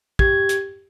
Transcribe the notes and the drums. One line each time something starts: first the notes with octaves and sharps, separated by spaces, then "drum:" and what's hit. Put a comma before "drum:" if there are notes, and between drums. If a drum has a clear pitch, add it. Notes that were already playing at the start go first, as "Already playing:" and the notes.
G4 G#6, drum: kick
drum: hi-hat